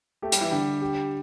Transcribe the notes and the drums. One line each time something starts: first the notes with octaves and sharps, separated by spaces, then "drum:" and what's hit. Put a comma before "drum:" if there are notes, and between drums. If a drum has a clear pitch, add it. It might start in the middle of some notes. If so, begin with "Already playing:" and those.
A3 G4
G3, drum: hi-hat
E3
D3 G3
G4